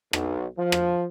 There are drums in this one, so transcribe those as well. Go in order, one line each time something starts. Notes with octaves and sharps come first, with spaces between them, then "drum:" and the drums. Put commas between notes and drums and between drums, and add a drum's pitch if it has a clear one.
B1, drum: rim click
F3
drum: rim click